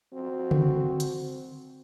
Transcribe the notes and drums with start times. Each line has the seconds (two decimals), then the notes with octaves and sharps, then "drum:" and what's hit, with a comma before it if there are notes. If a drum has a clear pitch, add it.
0.13 C4 F#4
0.51 drum: tom C#3
1.00 drum: hi-hat